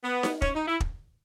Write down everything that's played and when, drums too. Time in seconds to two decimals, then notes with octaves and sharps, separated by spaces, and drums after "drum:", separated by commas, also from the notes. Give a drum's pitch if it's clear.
0.04 B3
0.23 drum: snare D#4
0.42 C#4, drum: kick
0.55 D#4
0.68 E4
0.80 drum: kick